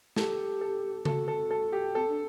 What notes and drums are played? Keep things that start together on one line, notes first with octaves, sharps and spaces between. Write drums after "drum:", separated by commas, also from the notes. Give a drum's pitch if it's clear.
G4 A4, drum: snare
A4
F#4 A4, drum: tom C#3
A4
A4
G4
C4 A4
D4